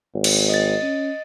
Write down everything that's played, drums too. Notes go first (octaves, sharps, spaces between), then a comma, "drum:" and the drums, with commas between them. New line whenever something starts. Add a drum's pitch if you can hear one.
G#1
drum: cymbal
D#5 A6
C#4